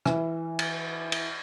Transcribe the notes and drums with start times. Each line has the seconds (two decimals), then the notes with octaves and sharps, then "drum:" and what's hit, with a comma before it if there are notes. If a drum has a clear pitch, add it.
0.05 E3, drum: rim click
0.59 drum: cymbal
1.12 drum: cymbal